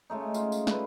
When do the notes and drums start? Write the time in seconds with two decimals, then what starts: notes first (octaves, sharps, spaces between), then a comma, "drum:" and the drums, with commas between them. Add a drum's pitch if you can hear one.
0.10 C#3 G#3 A3 D#4
0.34 F4, drum: tambourine
0.52 drum: tambourine
0.67 D3 B4, drum: snare